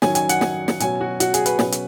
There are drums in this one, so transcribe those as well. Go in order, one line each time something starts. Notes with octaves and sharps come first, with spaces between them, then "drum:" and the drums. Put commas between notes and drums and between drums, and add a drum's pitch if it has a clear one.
D#3 F#3 C#4 G#5, drum: snare
G#5, drum: hi-hat
F#5, drum: hi-hat
G#5, drum: snare
drum: snare
B2 F#3 C#4 G#5, drum: hi-hat
F#4
F#4, drum: hi-hat
G#4, drum: hi-hat
B4, drum: hi-hat
B2 F#3 C#4, drum: snare
drum: hi-hat